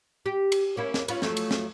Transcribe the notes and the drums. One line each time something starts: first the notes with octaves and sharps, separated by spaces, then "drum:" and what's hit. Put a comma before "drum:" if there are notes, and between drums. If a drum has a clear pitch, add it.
G4
drum: cymbal
A#3 C#4 E4
drum: snare
C#4 F4 B4, drum: cymbal
F3 F#3 A3, drum: snare
drum: cymbal
drum: snare